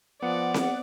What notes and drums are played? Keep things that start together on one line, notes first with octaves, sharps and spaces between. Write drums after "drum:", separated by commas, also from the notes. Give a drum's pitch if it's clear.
F3 B3 D5 F#5
drum: snare C4